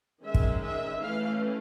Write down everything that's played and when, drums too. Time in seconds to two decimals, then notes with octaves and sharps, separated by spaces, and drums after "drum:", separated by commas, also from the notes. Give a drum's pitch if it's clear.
0.23 D#3 G#3 C#4 E5
0.34 drum: kick
0.62 E5
1.01 E3 A3 C#4 F5